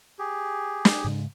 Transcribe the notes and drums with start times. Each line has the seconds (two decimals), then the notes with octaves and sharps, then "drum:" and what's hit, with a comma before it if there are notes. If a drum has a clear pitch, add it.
0.19 G4 G#4
0.85 drum: snare
1.04 G#2 C#3 G#3